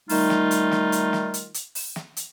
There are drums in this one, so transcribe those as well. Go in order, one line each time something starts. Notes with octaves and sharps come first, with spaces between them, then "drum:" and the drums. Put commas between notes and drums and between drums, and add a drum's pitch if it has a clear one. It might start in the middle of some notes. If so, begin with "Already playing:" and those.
D#3 G3 A3 D#4 F4, drum: open hi-hat
drum: snare
drum: hi-hat
drum: snare
drum: hi-hat
drum: snare
drum: hi-hat
drum: hi-hat
drum: open hi-hat
drum: snare
drum: hi-hat